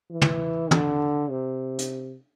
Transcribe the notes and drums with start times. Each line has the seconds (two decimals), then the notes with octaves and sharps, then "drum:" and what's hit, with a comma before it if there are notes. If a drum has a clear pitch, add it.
0.11 E3
0.21 drum: tom
0.71 D3, drum: tom
1.30 C3
1.78 drum: hi-hat